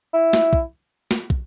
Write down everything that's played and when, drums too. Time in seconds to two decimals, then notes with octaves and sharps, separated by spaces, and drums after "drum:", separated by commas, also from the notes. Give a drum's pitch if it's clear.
0.14 E4
0.33 drum: snare
0.53 drum: kick
1.11 drum: snare
1.30 drum: kick